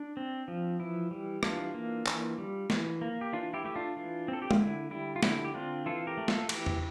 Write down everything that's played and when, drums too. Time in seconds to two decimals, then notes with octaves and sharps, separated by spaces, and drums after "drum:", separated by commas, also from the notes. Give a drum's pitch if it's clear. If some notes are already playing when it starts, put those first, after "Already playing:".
Already playing: D4
0.17 C4
0.48 F3
0.80 E3 E4
1.11 G3
1.43 E3 D4 F4, drum: rim click
1.74 A#3
2.06 E3, drum: clap
2.38 G3
2.70 E3, drum: snare
3.01 A#3
3.21 G4
3.33 E3 D4 F4
3.54 E4 G4
3.64 A3 G4
3.76 D4 F4
3.96 E3
4.28 C4 A4
4.42 G4
4.51 F4, drum: tom
4.59 D3 E4
4.91 G3 E4
5.16 F4
5.23 D3 E4, drum: snare
5.44 G4
5.54 C4 D4 F4
5.86 E3 F4 A4
6.07 G4 A#4
6.18 A3
6.28 F4 A4, drum: snare
6.49 E3 E4 G4, drum: cymbal
6.66 drum: tom E2